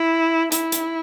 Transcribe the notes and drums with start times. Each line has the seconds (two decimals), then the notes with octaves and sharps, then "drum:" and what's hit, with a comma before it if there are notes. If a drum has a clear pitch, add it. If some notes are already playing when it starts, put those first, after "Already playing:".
Already playing: E4
0.52 E4, drum: hi-hat
0.72 drum: hi-hat